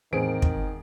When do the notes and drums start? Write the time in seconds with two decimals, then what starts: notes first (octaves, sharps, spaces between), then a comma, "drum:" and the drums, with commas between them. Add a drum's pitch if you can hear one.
0.13 E1 A2 D#3 E3 C4 G#4 D7
0.42 drum: kick